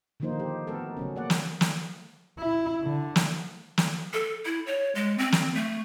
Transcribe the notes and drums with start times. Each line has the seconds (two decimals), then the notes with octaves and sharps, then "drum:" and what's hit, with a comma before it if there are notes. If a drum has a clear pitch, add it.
0.20 D3 D#3 F3 A#3 D#4 C5
0.40 G4
0.67 A3 B3 F#4 A4 A#4
0.97 C#3 F#3 C#4
1.16 A#3 D5 F#5
1.30 drum: snare
1.61 drum: snare
2.39 E4
2.83 D3
3.16 drum: snare
3.78 drum: snare
4.13 A4
4.45 E4
4.67 C#5
4.95 G#3
5.18 C4
5.32 C4, drum: snare
5.55 A3